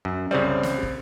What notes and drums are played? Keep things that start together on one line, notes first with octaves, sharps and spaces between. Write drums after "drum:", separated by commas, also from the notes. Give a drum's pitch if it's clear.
F#2
C2 C#3 G3 C4 D5
drum: snare
drum: kick